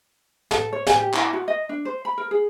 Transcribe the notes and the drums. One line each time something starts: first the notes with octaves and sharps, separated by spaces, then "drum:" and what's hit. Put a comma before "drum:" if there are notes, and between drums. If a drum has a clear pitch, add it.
A4, drum: snare
C#5
G#5, drum: snare
G4
E4, drum: clap
F#4
D#5
D4
C5
B5
A#4
G#4